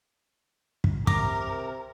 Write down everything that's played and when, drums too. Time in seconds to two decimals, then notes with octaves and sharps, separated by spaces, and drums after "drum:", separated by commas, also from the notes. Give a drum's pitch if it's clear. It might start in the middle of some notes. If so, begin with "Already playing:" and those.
0.84 drum: kick
1.07 C3 A#4 A#5 D6, drum: kick